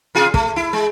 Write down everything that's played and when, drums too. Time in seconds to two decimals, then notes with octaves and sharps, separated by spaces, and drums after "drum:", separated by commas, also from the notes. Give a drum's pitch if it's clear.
0.15 C3 F4 G#4
0.34 A3, drum: kick
0.56 E4
0.73 G#3